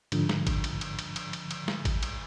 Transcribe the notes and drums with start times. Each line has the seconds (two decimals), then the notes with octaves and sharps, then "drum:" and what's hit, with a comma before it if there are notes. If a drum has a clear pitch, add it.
0.12 G#2 D3 F3, drum: cymbal
0.29 drum: snare
0.47 drum: kick G#1, cymbal
0.64 drum: cymbal
0.81 drum: cymbal
0.99 drum: cymbal
1.16 drum: cymbal
1.33 drum: cymbal
1.51 drum: cymbal
1.68 drum: snare
1.85 drum: kick G#1, cymbal
2.03 drum: cymbal